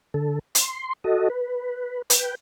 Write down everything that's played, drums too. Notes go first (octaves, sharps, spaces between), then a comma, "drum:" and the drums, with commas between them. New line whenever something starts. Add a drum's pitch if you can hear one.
D3 A4
C6, drum: hi-hat
F#4 A4 D#5
B4
B4 G5, drum: hi-hat